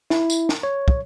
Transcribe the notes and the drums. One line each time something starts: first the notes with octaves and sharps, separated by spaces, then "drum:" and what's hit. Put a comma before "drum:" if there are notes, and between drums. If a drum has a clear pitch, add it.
E4, drum: snare
drum: tambourine
drum: snare
C#5
drum: kick